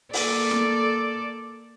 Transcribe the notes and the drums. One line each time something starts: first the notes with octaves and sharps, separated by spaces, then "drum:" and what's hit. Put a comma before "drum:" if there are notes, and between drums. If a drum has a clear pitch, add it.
A#3 A4 D5, drum: open hi-hat
drum: snare